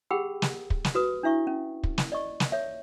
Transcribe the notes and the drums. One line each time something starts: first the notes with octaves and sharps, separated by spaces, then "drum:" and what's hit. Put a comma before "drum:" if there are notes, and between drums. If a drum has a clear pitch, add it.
G4 G#4 F#5 G5 B5 E6
drum: snare
drum: kick
drum: snare
F#4 B4 D#6
D4 E4 E5 C#6
C#4
drum: kick
drum: snare
D5 D#5 C#6
drum: snare
C#5 E5